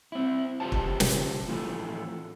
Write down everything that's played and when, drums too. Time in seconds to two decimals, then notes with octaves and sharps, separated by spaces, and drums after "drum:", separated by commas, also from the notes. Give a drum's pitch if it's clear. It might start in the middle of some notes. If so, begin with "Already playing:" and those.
0.12 C4 E4
0.60 C#2 G2 G3 F4 C5 A5
0.72 drum: kick
1.00 drum: snare
1.48 A2 E3 F3 A3